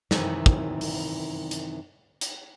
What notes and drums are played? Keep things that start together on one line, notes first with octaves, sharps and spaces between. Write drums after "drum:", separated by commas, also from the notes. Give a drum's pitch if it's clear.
F#2 C3 D#3 E3, drum: snare
drum: kick
drum: open hi-hat
drum: hi-hat
drum: hi-hat